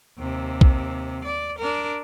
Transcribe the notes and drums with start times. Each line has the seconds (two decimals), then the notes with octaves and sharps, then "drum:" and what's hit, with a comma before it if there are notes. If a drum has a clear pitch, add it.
0.19 D#2 C3
0.61 drum: kick
1.25 D5
1.59 D4 A#4